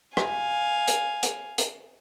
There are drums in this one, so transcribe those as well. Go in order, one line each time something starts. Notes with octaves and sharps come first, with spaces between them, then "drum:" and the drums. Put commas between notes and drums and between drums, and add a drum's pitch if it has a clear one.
F5 G#5, drum: rim click
drum: hi-hat
drum: hi-hat
drum: hi-hat